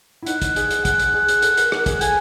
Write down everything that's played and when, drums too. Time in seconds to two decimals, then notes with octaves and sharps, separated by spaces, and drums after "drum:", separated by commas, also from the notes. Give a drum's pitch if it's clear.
0.23 E4
0.26 D#4 F#5, drum: hi-hat
0.42 drum: kick, hi-hat
0.56 G#4, drum: hi-hat
0.71 drum: hi-hat
0.85 G#4 F#5, drum: kick, hi-hat
1.00 drum: hi-hat
1.14 G#4
1.28 drum: hi-hat
1.42 A4, drum: hi-hat
1.57 A#4, drum: hi-hat
1.72 A#4, drum: rim click
1.86 G#4, drum: kick, hi-hat
2.01 A4 G#5, drum: hi-hat